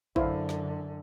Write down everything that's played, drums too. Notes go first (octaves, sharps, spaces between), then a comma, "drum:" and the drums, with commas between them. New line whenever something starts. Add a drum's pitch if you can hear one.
F#2 D3 E4 C5 F5, drum: kick A1
drum: snare